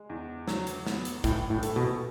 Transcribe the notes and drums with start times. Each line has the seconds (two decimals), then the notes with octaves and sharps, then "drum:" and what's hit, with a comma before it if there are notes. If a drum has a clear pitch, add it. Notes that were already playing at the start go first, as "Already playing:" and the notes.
Already playing: G#3
0.10 E2
0.48 F#3, drum: snare
0.67 drum: hi-hat
0.86 B3, drum: snare
1.05 drum: hi-hat
1.24 A2 E3, drum: kick, hi-hat
1.50 A2
1.63 A3, drum: hi-hat
1.76 B2